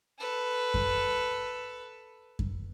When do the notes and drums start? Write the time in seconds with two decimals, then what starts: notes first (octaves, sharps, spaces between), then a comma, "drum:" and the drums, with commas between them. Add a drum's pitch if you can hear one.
0.19 A4 B4
0.74 drum: kick F#2
2.39 drum: kick F#2